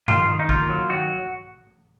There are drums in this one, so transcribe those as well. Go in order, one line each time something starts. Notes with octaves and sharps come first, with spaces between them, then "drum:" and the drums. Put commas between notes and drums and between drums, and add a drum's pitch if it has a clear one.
D#3 F4, drum: tom G2
D#3
D#4
A#3 F4, drum: kick A#1
F#3
D#3 F#4